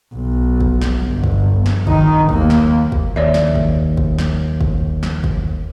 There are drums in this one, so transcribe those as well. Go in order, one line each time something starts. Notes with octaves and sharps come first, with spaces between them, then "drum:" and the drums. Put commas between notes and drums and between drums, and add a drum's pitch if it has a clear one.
B1
drum: kick
drum: snare
G1
drum: kick
drum: snare
D#3 D#4, drum: kick
D#2 A#3, drum: kick
drum: snare
drum: kick
D#2 C#5 D5 E5
drum: snare
drum: kick
drum: kick
drum: snare
drum: kick
drum: snare
drum: kick